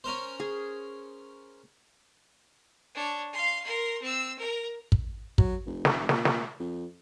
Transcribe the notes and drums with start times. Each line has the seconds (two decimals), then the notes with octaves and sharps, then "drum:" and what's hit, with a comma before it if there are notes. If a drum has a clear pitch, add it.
0.04 C#4 A#4 C5
0.40 G#4
2.95 D4 C#5
3.33 F5 C6
3.63 A#4 C6
4.02 C4 E6
4.38 A#4
4.92 drum: kick
5.38 F#3, drum: kick
5.66 F1
5.85 drum: snare
6.09 A#2, drum: snare
6.25 drum: snare
6.60 F2